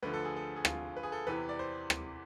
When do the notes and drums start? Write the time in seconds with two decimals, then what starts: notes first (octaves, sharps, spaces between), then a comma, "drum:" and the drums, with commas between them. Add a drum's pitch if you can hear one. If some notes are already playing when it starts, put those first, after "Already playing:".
0.02 D2 D3 F3 B4
0.13 A4
0.25 G#4
0.36 A4
0.56 G#4
0.65 F4, drum: rim click
0.96 B4
1.03 G#4
1.12 A4
1.27 E2 C3 E3 B4
1.49 D5
1.59 C5
1.90 drum: rim click